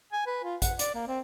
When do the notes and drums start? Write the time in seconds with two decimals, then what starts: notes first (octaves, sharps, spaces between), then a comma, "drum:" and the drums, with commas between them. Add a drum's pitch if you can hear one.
0.13 G#5
0.27 B4
0.44 F4
0.62 F#5, drum: kick A1, hi-hat
0.79 D5, drum: hi-hat
0.95 A#3
1.08 C4